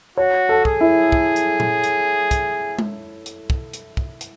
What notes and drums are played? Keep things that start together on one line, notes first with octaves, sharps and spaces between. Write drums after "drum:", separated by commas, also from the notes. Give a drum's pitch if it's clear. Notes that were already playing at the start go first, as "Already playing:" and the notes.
F#4 C#5
A4
G#4, drum: kick
E4
drum: kick
drum: hi-hat
drum: tom A#2
drum: hi-hat
drum: kick, hi-hat
drum: tom G#3
drum: hi-hat
drum: kick
drum: hi-hat
drum: kick
drum: hi-hat